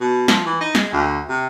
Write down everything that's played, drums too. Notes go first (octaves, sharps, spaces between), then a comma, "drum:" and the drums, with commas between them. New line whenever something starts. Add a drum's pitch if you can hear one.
B2
F3, drum: snare
E3
D#4
G#3, drum: snare
D2
C3